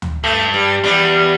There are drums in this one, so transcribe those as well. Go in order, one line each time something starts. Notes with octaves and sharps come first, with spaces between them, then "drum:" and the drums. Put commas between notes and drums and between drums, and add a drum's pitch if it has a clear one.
drum: tom D2
G2 A3
G3
E2 G3